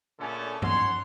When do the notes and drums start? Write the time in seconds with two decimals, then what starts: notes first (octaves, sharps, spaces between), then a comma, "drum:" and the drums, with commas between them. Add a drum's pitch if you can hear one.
0.20 A#2 D3 A3 C#4 G#4 A4
0.62 C#4 D#4 C#5 F#5 C6, drum: tom